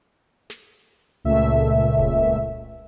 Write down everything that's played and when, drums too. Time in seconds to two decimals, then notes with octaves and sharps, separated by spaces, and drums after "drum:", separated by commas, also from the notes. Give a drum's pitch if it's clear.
0.50 drum: snare
1.25 C#2 A#2 A3 E5
1.99 drum: kick D#1